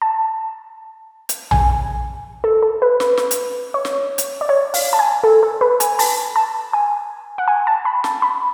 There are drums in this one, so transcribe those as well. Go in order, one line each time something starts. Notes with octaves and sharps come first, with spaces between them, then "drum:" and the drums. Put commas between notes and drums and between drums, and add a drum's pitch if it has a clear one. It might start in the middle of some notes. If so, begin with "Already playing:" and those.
A5
drum: hi-hat
G#5, drum: tom A#1
A4
A4
B4
B4, drum: snare
drum: snare
drum: hi-hat
C#5
drum: snare
drum: hi-hat
D5
C#5
F5, drum: open hi-hat
A5
G#5
A4
A4
B4
G#5, drum: hi-hat
A5, drum: open hi-hat
A5
G#5
F#5
G#5
A5
B5
A5, drum: snare
B5